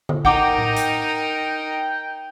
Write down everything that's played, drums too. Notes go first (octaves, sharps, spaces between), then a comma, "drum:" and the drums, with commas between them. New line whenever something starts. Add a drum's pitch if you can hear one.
drum: tom D3
D#4 A#4 F#5 G5 D6, drum: kick
drum: tom A2
drum: hi-hat